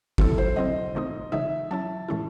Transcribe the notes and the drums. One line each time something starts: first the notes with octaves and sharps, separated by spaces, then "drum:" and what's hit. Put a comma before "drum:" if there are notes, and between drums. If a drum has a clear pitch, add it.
F#3 C4 E4 A4, drum: kick G1
C5
F#3 C4 E4 D#5
E3 A3 C4 D#4
C#3 E3 G#3 D#4 E5
F#3 C#4 E4 A5
A2 E3 G#3 C#4 E4